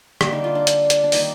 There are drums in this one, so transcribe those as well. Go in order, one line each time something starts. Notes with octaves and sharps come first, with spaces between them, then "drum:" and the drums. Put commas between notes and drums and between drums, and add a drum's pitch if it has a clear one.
D3 G3 A#3, drum: rim click
D#4
F4
D4
drum: hi-hat
drum: hi-hat
D4
D#3 G3 A#3 D#4, drum: open hi-hat